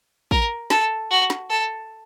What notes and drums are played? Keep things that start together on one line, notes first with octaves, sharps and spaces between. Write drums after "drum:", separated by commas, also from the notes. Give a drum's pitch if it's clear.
A#4, drum: kick
A4, drum: snare
F#4
drum: snare
A4